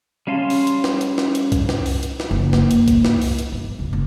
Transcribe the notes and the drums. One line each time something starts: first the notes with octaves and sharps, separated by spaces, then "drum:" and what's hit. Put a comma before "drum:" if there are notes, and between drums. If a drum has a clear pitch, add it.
G3 C#4 F5 A5 C6
drum: open hi-hat
drum: hi-hat
drum: snare
drum: hi-hat
drum: snare
drum: hi-hat
drum: kick C2, hi-hat
drum: snare
drum: open hi-hat
drum: hi-hat
drum: snare
F#1
A#3, drum: snare
drum: hi-hat
drum: kick C2, hi-hat
A2, drum: snare
drum: open hi-hat
drum: hi-hat
G1
C#2
F#1